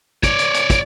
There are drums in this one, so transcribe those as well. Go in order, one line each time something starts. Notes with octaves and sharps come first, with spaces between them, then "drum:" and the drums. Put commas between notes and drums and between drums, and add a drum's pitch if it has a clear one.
C#5 D5, drum: kick, hi-hat
drum: hi-hat
drum: hi-hat
drum: kick, hi-hat